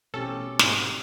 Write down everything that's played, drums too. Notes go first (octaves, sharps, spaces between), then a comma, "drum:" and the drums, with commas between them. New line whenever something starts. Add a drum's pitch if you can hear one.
A1 B2 C4 C#4 G4 A4
G#2 C3 D4 C7 D7, drum: snare